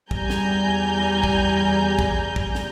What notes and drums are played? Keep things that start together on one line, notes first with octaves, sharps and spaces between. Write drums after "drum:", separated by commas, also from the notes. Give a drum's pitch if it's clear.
E2 G3 G#5 A#5 G6, drum: kick
drum: snare
drum: kick
drum: kick
drum: kick
drum: snare